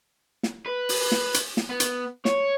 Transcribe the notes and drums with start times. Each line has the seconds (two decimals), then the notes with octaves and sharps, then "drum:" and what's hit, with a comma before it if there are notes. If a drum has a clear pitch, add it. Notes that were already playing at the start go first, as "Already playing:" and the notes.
0.43 drum: snare
0.66 B4
0.89 drum: open hi-hat
1.12 drum: snare
1.34 drum: hi-hat
1.57 drum: snare
1.69 B3
1.80 drum: hi-hat
2.25 C#5, drum: snare